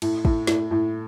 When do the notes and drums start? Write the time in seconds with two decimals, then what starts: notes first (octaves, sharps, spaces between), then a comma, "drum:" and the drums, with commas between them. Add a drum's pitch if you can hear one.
0.02 A2, drum: cymbal
0.25 A2, drum: kick
0.47 A2, drum: snare
0.71 A2